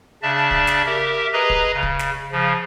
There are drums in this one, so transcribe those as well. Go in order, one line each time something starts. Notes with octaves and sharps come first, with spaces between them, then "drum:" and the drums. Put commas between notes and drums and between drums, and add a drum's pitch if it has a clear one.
C#3 D4 D5 E5 A5
drum: kick
drum: snare
G4 A#4 E5
G#4 B4 D#5 A#5
drum: kick
C#3
drum: kick
drum: snare
C#3 F3